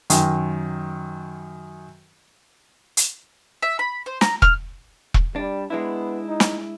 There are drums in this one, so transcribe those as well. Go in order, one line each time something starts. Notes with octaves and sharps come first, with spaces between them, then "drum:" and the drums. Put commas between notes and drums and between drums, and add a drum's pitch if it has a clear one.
F#2 D#3, drum: hi-hat
drum: hi-hat
E5
B5
C5
A#5, drum: snare
F6, drum: kick E1
drum: kick E1
G3 D4
G#3 B3 D4 E4
D#4
drum: snare